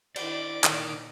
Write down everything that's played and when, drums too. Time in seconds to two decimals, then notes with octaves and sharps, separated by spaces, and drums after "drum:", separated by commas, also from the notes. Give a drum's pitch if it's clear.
0.16 D#3 D4 E4 D5 D6, drum: cymbal
0.64 A#2 D3 D#3, drum: clap